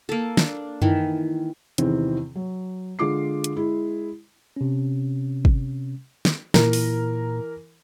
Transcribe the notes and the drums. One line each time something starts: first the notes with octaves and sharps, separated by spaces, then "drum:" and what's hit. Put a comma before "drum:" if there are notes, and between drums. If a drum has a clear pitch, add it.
A#3 A4
D4, drum: snare
D#3 E3, drum: tom F#2
E2 C3 D#3 E3 C4, drum: hi-hat
F#3
D3 G#3 F4 D6 C7
drum: hi-hat
G#3 E4
C3 C#4
drum: kick
drum: snare
A#2 E3 A#4, drum: snare
drum: open hi-hat